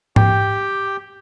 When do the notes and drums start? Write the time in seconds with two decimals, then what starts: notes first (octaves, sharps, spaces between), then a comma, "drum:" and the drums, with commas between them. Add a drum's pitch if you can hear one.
0.16 G4 G5, drum: tom G#2